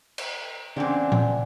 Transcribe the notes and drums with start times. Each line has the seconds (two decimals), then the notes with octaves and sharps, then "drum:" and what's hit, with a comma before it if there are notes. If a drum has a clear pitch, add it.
0.18 drum: cymbal
0.76 E2 C#3 C4 D4 D5 F#5 G#5
1.12 drum: tom A#2